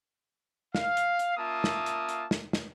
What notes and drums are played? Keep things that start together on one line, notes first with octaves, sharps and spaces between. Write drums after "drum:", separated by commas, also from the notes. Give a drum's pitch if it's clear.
F5, drum: snare
drum: hi-hat
drum: hi-hat
A#3 C#4 F4 E5 A5 D#6
drum: snare
drum: hi-hat
drum: hi-hat
drum: snare
drum: snare